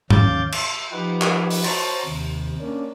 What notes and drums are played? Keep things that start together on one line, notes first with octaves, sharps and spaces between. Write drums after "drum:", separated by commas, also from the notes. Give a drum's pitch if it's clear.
D#2 C#4 F5 D6 G6 A6, drum: tom G#2
E5, drum: cymbal
F3 D#4 G4 B4 F#5
drum: clap
drum: open hi-hat
F#4 C5 C#5 A5 A#5, drum: cymbal
D#2 C3
A#3 C#4 D4